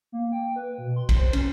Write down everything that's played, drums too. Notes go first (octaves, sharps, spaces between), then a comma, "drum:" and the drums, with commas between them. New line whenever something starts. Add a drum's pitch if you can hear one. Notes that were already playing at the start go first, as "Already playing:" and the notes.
A#3
G5
B4
B2
C6
drum: kick, cymbal
C5
C#4, drum: cymbal